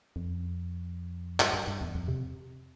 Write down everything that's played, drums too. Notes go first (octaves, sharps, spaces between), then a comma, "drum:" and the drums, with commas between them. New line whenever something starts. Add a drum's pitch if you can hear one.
F2
G2, drum: clap
G2
G2
E2
F2
C3